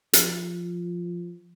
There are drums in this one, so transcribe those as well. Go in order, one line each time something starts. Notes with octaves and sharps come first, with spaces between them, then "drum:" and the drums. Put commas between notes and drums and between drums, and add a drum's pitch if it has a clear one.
F3, drum: hi-hat